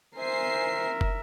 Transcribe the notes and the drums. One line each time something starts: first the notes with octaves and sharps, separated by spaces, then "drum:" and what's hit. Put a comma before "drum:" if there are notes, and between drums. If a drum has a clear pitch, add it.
A#4 C5 E5 G#5 C7
drum: kick